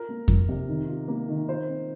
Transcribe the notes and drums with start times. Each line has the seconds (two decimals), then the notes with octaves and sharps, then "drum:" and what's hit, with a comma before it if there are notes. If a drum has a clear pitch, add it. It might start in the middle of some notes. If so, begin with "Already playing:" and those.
Already playing: F4 A#4
0.09 A#3
0.28 F3, drum: kick F2
0.49 C3
0.69 D#3
0.88 F4
1.08 A#3
1.29 D#3
1.48 F4 C5
1.68 C4